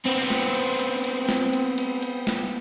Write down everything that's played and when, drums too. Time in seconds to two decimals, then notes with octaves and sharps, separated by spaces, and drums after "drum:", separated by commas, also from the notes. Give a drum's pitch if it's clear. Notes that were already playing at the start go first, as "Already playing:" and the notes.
0.06 B3 C4, drum: cymbal
0.30 drum: snare
0.55 drum: cymbal
0.79 drum: cymbal
1.04 drum: cymbal
1.29 drum: snare
1.53 drum: cymbal
1.78 drum: cymbal
2.02 drum: cymbal
2.27 drum: snare